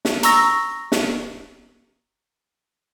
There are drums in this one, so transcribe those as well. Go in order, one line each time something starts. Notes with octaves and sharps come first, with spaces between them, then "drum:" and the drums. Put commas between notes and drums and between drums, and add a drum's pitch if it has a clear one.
drum: snare
A#5 C#6 E6 A#6, drum: hi-hat
drum: snare